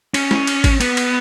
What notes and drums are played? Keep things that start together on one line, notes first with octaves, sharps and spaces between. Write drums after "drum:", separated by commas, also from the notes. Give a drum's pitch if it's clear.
C#4, drum: cymbal
drum: snare
drum: cymbal
drum: kick A1, cymbal
B3, drum: cymbal
drum: cymbal